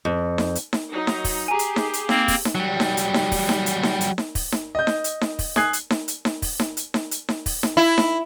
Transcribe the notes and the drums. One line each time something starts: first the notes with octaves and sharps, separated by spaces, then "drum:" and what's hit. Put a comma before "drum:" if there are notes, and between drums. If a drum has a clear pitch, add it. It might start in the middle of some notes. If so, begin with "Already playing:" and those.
F2
drum: snare D#4
drum: hi-hat
drum: snare D#4
F#3 D#4
drum: snare D#4
drum: kick, open hi-hat
G4 G#4 G#5 A#5
drum: hi-hat
drum: snare D#4
drum: hi-hat
A#3 C4, drum: snare D#4
drum: kick, open hi-hat
drum: snare D#4
F#3 G3
drum: snare D#4
drum: hi-hat
drum: snare D#4
drum: kick, open hi-hat
drum: snare D#4
drum: hi-hat
drum: snare D#4
drum: hi-hat
drum: snare D#4
drum: kick, open hi-hat
drum: snare D#4
D#5 G6
drum: snare D#4
drum: hi-hat
drum: snare D#4
drum: kick, open hi-hat
G#5 D#6 F#6 G#6 C7, drum: snare D#4
drum: hi-hat
drum: snare D#4
drum: hi-hat
drum: snare D#4
drum: kick, open hi-hat
drum: snare D#4
drum: hi-hat
drum: snare D#4
drum: hi-hat
drum: snare D#4
drum: kick, open hi-hat
drum: snare D#4
E4
drum: snare D#4